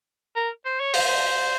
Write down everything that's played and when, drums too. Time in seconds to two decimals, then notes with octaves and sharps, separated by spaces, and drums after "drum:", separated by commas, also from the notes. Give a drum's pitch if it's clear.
0.36 A#4
0.65 C5
0.80 C#5
0.94 C5, drum: open hi-hat
1.08 C5